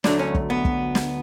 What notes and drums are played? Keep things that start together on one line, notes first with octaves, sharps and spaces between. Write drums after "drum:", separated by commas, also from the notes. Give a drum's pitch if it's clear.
D2 D3 F#3 A3 D4, drum: snare
C#4
drum: kick
B3
drum: kick
drum: snare